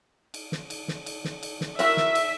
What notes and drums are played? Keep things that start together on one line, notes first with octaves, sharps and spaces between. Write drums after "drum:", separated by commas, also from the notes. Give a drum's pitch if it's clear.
drum: cymbal
drum: snare
drum: cymbal
drum: snare
drum: cymbal
drum: snare
drum: cymbal
drum: snare
E4 F#4 A#4 E5, drum: cymbal
drum: snare
drum: cymbal